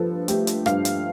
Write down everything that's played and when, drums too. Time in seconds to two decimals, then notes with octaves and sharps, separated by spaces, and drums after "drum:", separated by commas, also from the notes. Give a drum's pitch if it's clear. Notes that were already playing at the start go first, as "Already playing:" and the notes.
Already playing: G2 F3 A4 B4
0.28 A3 G4, drum: hi-hat
0.47 drum: hi-hat
0.66 G2 F5, drum: rim click
0.85 drum: hi-hat